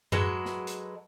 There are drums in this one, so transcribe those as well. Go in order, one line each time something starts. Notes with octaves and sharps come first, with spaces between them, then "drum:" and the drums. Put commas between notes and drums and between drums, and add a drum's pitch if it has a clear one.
F#3 G#3 A4 B4, drum: tom F#2
drum: snare
drum: hi-hat